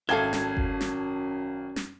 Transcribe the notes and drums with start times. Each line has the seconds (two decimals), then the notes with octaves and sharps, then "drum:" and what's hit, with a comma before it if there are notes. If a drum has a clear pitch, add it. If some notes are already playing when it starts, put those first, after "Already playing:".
0.09 G#1 F#2 A4 E5 F5 A5 G#6 G7
0.33 drum: snare
0.57 drum: kick F#1
0.81 drum: snare
1.76 drum: snare